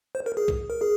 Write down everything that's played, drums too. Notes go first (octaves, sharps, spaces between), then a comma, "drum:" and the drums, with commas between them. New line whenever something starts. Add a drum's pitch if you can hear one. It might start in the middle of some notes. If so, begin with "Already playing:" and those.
C5
A#4
G#4
drum: kick B1
A#4
G#4